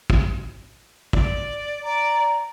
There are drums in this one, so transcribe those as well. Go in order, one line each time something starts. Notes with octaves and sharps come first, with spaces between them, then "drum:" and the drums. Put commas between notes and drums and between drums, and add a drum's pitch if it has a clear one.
drum: kick
D5, drum: kick
D5 A#5